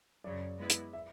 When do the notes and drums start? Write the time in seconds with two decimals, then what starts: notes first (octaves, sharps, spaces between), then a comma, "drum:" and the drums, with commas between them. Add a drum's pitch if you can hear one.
0.24 F#2 C#3 F#3 D5
0.59 G#3 B3 E4 B4
0.70 drum: hi-hat
0.93 E5